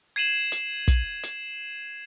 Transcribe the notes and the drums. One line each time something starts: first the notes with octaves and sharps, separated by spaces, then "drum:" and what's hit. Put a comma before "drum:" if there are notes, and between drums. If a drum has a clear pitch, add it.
G#6 C7 D#7 E7 F#7
drum: hi-hat
drum: kick, hi-hat
drum: hi-hat